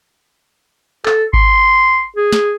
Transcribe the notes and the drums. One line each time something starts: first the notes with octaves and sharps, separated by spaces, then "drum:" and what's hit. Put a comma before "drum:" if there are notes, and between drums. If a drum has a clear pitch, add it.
A4, drum: clap
C6, drum: kick G#1
G#4
drum: snare